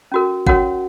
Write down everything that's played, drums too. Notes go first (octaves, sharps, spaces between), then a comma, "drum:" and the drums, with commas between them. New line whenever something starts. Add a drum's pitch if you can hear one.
C#4 F#4 A#4
C#4 F#4 A#4 C#5 F#5, drum: kick G#1